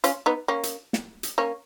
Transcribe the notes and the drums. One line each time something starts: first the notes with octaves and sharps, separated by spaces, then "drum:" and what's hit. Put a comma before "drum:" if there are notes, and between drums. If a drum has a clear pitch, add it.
C#4 F4, drum: hi-hat
B3 D#4
A#3 C#4
drum: hi-hat
drum: snare
drum: hi-hat
A#3 C#4